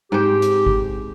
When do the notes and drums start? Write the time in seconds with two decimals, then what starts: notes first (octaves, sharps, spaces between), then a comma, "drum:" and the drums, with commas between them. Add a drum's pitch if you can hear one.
0.12 G#2 C4 G4 C5
0.42 drum: hi-hat
0.67 drum: kick